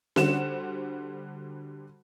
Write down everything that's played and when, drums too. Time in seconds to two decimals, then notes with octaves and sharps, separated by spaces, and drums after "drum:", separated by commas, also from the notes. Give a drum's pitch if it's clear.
0.16 D3 G3 F#4 C5 F#5 E7, drum: snare C#4